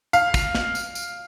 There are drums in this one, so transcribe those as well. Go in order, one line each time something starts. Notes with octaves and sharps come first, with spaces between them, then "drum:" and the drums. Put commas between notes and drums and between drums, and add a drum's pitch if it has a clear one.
F5, drum: tambourine
drum: kick, tambourine
drum: snare
drum: tambourine
drum: tambourine